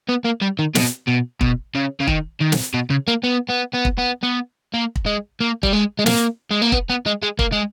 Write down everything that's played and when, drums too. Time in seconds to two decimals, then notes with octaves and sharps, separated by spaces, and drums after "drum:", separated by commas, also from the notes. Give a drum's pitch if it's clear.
0.09 B3
0.24 A#3
0.41 G3
0.59 D#3
0.75 B2, drum: snare
1.08 B2
1.41 B2, drum: kick
1.75 C#3
2.00 C#3
2.08 D#3, drum: kick
2.40 D#3
2.52 drum: snare
2.74 B2
2.90 C#3
3.08 A#3
3.23 B3
3.49 B3
3.73 B3
3.85 drum: kick
3.98 B3
4.23 B3
4.74 A#3
4.96 drum: kick
5.06 G#3
5.40 A#3
5.63 G3, drum: kick
5.73 G#3
5.99 G#3
6.06 A#3, drum: snare
6.51 G#3
6.61 A#3
6.72 B3, drum: kick
6.90 B3
7.06 G#3
7.23 G#3
7.39 A#3, drum: kick
7.52 G#3